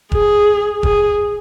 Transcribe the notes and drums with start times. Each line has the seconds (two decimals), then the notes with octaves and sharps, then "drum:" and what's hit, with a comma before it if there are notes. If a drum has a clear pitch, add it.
0.12 G#4, drum: kick E1
0.83 G#4, drum: kick E1